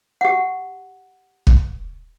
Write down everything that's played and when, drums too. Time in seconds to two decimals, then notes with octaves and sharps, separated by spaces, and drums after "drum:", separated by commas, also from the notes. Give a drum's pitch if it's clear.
0.21 G4 F#5
1.47 drum: kick